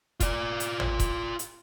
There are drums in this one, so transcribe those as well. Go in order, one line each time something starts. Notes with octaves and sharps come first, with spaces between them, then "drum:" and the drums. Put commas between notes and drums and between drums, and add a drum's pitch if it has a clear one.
F4 D5, drum: kick E1, hi-hat
drum: hi-hat
drum: tom
drum: kick E1, hi-hat
drum: hi-hat